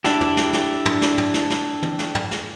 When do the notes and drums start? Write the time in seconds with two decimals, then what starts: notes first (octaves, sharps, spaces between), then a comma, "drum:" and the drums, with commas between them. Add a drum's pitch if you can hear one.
0.04 D4 E4 G4, drum: snare
0.21 drum: tom
0.37 drum: snare
0.53 drum: snare
0.85 drum: tom
1.02 drum: snare
1.18 drum: tom
1.34 drum: snare
1.50 drum: snare
1.82 drum: tom
1.99 drum: snare
2.15 drum: tom
2.31 drum: snare